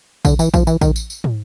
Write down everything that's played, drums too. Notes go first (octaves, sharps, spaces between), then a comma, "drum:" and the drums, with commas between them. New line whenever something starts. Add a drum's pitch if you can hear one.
D3, drum: kick A#1, tambourine
E3, drum: tambourine
F3, drum: kick A#1, tambourine
E3, drum: tambourine
D#3, drum: kick A#1, tambourine
drum: tambourine
drum: tambourine
drum: tom